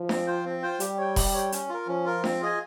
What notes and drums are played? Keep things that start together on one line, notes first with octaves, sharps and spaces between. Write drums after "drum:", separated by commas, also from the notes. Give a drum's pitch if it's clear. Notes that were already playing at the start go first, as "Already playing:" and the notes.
Already playing: F3
C4, drum: snare D4
F4 C5 G5
C4
F4 C5 G5
G3 G4, drum: hi-hat
C#5 G5
G4, drum: kick E1, open hi-hat
C#5 G5
C#4, drum: hi-hat
F4 A#4
F3 C#4
F4 A#4
C4, drum: snare D4
F4 G#4 D#5 G#5